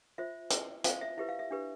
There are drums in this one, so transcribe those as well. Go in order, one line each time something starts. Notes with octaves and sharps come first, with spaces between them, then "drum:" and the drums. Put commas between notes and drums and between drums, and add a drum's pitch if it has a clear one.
F4 C5 E5
E4 B4, drum: hi-hat
F4 C5 F5, drum: hi-hat
E5
E4 G4 B4 E5
F5
E5
D4 G4 B4